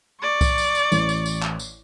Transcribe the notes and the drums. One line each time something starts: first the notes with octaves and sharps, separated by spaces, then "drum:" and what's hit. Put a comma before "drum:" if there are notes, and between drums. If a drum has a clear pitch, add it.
D5 C#6
drum: kick C2, tambourine
drum: tambourine
drum: tambourine
A1, drum: tambourine
drum: tambourine
drum: tambourine
drum: clap
drum: tambourine